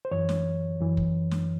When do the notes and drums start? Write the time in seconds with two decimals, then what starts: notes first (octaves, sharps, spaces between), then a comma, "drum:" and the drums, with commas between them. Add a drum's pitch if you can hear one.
0.05 C5
0.11 F#2 E3 C#5
0.29 drum: snare
0.80 F#2 E3
0.97 drum: kick
1.31 drum: snare